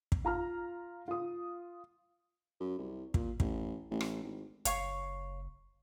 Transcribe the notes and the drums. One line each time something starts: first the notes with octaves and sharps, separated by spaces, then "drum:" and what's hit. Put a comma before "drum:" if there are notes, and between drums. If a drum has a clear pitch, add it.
drum: kick
F4 A#5 F6
F4 D#6
F#2
C2
A#2, drum: kick
A1, drum: kick
A1
drum: rim click
G#1
F#1 C#5 F5 C#6, drum: hi-hat